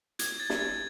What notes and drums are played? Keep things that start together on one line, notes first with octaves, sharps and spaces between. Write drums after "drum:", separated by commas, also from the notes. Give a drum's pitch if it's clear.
G#6, drum: hi-hat
A6
drum: snare
A6